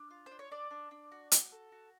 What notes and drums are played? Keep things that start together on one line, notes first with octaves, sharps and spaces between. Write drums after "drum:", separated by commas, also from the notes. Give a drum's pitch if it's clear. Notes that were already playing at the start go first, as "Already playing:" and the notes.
Already playing: D4
F4
D4 C5
C#5
D4 D5
D4
D4
F#4
F#4, drum: hi-hat
A4
F#4